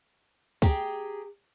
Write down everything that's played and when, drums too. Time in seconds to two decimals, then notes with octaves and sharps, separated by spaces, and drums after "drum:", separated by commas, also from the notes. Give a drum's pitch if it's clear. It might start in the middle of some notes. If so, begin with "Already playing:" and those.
0.62 G4 G#4 G5 A#5, drum: kick